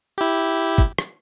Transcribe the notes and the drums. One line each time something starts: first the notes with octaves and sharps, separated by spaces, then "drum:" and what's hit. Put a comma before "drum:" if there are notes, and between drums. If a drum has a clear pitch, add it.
E4 G4
drum: kick
drum: rim click